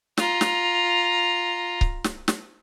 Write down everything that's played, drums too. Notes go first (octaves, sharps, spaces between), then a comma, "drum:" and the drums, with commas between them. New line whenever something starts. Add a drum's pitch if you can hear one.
F4 A#5, drum: snare
drum: snare
drum: kick C#1
drum: snare
drum: snare